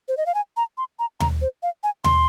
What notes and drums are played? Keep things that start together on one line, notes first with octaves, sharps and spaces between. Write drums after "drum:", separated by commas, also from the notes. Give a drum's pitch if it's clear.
C5
D#5
F5
G#5
A#5
C6
A#5
A#5, drum: tom D#2
C5
F5
G#5
C6, drum: tom D#2